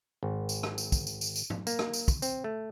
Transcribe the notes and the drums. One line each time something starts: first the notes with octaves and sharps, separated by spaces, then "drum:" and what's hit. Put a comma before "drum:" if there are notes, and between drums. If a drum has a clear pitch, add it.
G#1
drum: tambourine
drum: rim click
drum: tambourine
drum: kick, tambourine
drum: tambourine
drum: tambourine
drum: tambourine
drum: tom G#2
A#3, drum: tambourine
drum: rim click
drum: tambourine
drum: kick, tambourine
C4, drum: tambourine
A3